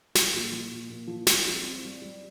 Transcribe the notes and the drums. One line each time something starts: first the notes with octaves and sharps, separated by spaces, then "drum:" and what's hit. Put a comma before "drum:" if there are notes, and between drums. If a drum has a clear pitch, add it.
F3, drum: snare
A#2
F3
A#2
A#2
F3
G3, drum: snare
C4
C4
G3
G3